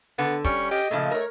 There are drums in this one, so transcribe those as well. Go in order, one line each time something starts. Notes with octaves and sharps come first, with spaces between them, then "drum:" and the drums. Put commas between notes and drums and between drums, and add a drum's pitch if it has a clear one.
D3 B3
G3 C#4 C#6, drum: kick, hi-hat
G4 D#5, drum: open hi-hat
A#2 C#3 F3 A3
A#4 C#5